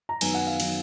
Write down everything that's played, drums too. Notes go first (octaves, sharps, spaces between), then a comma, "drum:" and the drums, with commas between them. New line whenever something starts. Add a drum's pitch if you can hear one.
A#5
F#2 D#3 F#3 B3 G#5, drum: cymbal
F#5
F5
D#3 F#3 B3, drum: cymbal